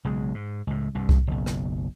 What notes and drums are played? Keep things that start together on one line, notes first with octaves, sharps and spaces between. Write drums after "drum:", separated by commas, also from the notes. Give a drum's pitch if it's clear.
B1 C#3 G#3
G#2
C#2 A2
C2 G2
drum: kick C2
F#1 B1
drum: rim click